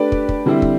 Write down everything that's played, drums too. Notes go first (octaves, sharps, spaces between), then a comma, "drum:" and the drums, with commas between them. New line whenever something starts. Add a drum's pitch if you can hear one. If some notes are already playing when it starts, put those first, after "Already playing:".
Already playing: A3 D4 G4 B4 D5
drum: kick
drum: kick
D3 G3 C4 E4
drum: kick